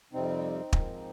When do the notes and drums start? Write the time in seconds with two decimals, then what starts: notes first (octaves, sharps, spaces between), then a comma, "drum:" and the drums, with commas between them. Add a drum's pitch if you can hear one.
0.13 F2 C3 G3 C4 D#4
0.73 G#2 F3 A#3, drum: kick